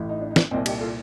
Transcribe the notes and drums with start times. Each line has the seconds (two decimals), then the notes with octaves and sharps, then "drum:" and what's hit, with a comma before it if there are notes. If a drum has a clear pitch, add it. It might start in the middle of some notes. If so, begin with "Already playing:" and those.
Already playing: A1 A2
0.09 D#4
0.21 D4
0.31 D#4
0.36 D4, drum: snare
0.51 C2 A#2 C4 D#4
0.66 D#4 G4, drum: cymbal
0.81 F4 A4